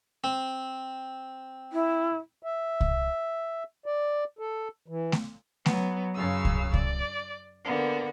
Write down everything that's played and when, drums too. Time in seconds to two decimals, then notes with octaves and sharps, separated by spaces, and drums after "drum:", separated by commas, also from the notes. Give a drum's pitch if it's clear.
0.24 C4
1.72 E4
2.43 E5
2.81 drum: kick C2
3.86 D5
4.39 A4
4.88 E3
5.12 drum: snare A3
5.66 F#3 B3, drum: snare A3
6.15 F#2 C#3 F5 E6
6.45 drum: kick C2
6.74 D5, drum: kick C2
7.63 D3 A#3 B3